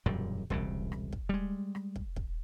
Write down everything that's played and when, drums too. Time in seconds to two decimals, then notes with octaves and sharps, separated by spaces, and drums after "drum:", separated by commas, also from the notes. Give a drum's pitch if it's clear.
0.06 E1 F#2 A#2 G3
0.50 E1 C2 C#3, drum: kick
0.92 drum: rim click
1.12 drum: kick
1.29 G3 G#3
1.75 drum: rim click
1.96 drum: kick
2.16 drum: kick